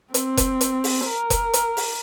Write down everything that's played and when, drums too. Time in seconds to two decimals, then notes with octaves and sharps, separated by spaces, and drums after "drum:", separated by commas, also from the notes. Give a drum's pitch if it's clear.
0.14 C4, drum: hi-hat
0.37 drum: kick F1, hi-hat
0.61 drum: hi-hat
0.84 drum: open hi-hat
1.06 A#4
1.30 drum: kick F1, hi-hat
1.53 drum: hi-hat
1.77 drum: open hi-hat